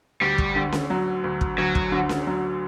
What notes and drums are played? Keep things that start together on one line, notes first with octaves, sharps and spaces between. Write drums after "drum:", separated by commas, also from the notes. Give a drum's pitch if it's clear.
D2 G3
drum: kick
D3
drum: snare C#4
F#3
D2
drum: kick
D2 F#3
drum: kick
D3
drum: snare C#4
F#3